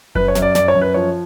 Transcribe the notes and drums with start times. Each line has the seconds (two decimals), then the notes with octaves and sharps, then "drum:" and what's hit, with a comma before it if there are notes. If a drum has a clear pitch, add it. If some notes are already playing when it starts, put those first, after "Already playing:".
0.15 F#2 B4, drum: kick F#1
0.28 C#5
0.35 F#2, drum: snare
0.42 D5
0.55 F#2 D5, drum: snare
0.68 C#5
0.75 F#2
0.81 B4
0.94 F3 C#5